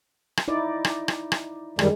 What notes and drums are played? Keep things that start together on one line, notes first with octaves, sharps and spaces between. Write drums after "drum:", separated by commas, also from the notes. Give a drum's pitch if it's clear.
drum: rim click
D#4 E4 D5
drum: rim click
drum: rim click
drum: rim click
F#2 D#3 G3 G#3, drum: rim click